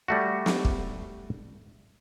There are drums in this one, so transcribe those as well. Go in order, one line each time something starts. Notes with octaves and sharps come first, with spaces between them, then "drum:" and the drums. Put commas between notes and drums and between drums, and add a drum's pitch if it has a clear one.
G3 A3 F#4
drum: snare
drum: kick